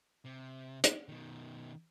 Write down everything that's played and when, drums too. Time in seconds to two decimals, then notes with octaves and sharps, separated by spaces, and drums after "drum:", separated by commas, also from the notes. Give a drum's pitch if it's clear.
0.25 C3
0.84 drum: hi-hat
1.09 B2 D#3